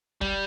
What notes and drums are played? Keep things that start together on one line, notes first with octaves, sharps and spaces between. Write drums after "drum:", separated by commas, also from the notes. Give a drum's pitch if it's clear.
G3, drum: kick